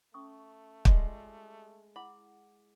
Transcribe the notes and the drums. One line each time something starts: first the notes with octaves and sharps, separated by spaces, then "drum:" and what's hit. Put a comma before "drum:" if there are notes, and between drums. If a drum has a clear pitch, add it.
A3 C#4 C#6 D#6
G3 G#3 F4 D#5, drum: kick
E4 F#5 B5 D6